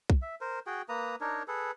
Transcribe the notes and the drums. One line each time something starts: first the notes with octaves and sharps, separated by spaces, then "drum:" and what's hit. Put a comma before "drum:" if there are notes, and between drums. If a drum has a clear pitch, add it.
drum: kick B1
E5
A#4 C5
F#4 G#4 G5
A#3 B4 A#5 D#6
D4 D#4 A#4 C#5
G#4 A4 B4